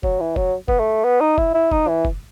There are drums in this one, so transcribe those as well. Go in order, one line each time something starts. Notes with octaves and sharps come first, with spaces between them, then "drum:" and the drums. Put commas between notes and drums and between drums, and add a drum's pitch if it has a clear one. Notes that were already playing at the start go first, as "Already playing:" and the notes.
F#3, drum: kick
E3
F#3, drum: kick
B3, drum: kick
A3
B3
D#4
E4, drum: kick
E4
D#4, drum: kick
E3
drum: kick